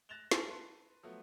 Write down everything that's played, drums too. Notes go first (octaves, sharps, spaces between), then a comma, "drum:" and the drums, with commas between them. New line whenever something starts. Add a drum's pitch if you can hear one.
F#6 A6 A#6 E7 F7 G7
G#5 A5 C#6 A6, drum: snare
B4 A5 C6
F3 F#3 A3 B3